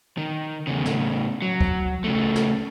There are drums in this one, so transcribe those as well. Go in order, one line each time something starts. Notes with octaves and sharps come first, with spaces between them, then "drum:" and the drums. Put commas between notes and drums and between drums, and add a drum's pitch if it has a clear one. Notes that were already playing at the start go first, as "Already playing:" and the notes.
D#3
E2 C#3
A2 C#3, drum: snare
F#3
drum: kick C#2
C#3 A3
drum: snare